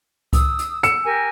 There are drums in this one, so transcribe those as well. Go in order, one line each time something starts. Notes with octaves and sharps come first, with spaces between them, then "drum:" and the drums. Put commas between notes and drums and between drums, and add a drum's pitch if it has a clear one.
D#6 E6, drum: kick C#2, hi-hat
drum: hi-hat
E6 C#7 E7, drum: hi-hat
G4 A#4 G#5